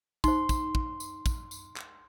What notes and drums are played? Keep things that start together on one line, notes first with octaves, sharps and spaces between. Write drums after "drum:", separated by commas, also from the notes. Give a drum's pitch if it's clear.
D#4 C5 C6, drum: kick, tambourine
drum: kick, tambourine
drum: kick
drum: tambourine
drum: kick, tambourine
drum: tambourine
drum: clap